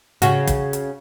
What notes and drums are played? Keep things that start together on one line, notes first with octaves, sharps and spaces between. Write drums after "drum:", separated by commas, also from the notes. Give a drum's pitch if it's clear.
C#3 F#4, drum: hi-hat
drum: kick, hi-hat
drum: hi-hat